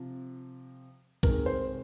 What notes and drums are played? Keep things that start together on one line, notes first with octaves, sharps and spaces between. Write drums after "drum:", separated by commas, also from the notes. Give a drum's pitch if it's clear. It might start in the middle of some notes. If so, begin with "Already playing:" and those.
Already playing: C3 F3
C3 D#3 G#3 A#4, drum: kick B1
C5